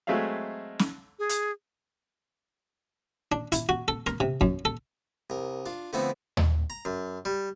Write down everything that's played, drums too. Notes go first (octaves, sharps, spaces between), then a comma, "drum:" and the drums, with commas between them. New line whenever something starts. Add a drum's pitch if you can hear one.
F#3 G#3 A3 C4 E5 F5
drum: snare
G#4
drum: hi-hat
D4
E4, drum: hi-hat
F#4
A4
A#4, drum: rim click
C3
F#2, drum: kick
A4
C2 A#4
D4 F4
D3 F3 A3 B3 C4 E4
drum: tom D#2
A#5
F#2
G3